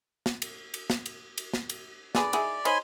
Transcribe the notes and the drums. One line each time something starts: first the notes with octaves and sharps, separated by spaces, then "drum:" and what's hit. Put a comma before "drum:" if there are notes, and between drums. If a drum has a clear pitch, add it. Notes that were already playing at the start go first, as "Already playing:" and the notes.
drum: snare
drum: cymbal
drum: cymbal
drum: snare
drum: cymbal
drum: cymbal
drum: snare
drum: cymbal
D3 G#4 B4 D5, drum: snare
D#4 E4 G#4, drum: cymbal
D#4 C5 C#5 G#5 B5 C6, drum: cymbal